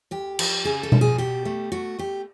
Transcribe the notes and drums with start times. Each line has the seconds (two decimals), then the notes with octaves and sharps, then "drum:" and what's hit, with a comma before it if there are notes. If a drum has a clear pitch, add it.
0.11 D2 G4
0.39 F3, drum: cymbal
0.65 C#3 G#4
0.83 A4
0.92 F3, drum: tom B2
1.01 G#4
1.18 B2 G4
1.45 A3
1.72 A3 F#4
1.99 A3 G4